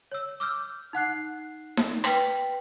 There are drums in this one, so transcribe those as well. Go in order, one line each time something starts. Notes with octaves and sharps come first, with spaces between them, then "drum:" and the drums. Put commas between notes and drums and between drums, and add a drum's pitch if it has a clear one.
C#5 E6
D6 E6 F6 G6
D#4 F#5 F#6 C7
drum: snare D#4
B4 G5 B6, drum: rim click